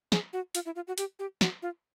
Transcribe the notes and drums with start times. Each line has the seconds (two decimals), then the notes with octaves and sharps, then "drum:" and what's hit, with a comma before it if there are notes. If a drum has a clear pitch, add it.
0.12 G#4, drum: snare
0.33 F#4
0.55 F4, drum: hi-hat
0.66 E4
0.76 F4
0.87 F#4
0.98 G4, drum: hi-hat
1.19 G4
1.41 F#4, drum: snare
1.62 F4